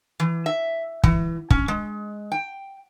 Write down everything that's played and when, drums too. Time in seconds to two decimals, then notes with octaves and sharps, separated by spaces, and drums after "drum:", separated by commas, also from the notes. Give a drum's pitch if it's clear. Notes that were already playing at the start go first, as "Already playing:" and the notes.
0.20 E3
0.46 E5
1.04 E3, drum: kick
1.50 C#4, drum: kick
1.68 G#3
2.32 G5